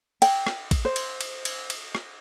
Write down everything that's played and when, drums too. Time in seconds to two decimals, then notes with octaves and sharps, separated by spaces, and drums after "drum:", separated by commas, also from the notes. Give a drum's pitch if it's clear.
0.22 G5, drum: cymbal
0.47 drum: rim click
0.71 drum: kick A1, cymbal
0.85 C5
0.96 drum: cymbal
1.21 drum: cymbal
1.45 drum: cymbal
1.70 drum: cymbal
1.95 drum: rim click